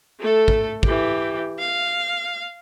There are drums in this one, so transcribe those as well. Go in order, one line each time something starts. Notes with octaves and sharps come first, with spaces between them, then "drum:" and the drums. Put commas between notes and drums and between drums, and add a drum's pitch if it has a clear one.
A3 A4
drum: kick
E3 G4, drum: kick
F5